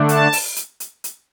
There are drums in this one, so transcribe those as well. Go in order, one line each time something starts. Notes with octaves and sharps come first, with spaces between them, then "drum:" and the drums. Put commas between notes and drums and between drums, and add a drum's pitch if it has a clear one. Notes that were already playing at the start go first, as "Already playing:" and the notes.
Already playing: D3 A3 D4
A5, drum: hi-hat
drum: open hi-hat
drum: hi-hat
drum: hi-hat
drum: hi-hat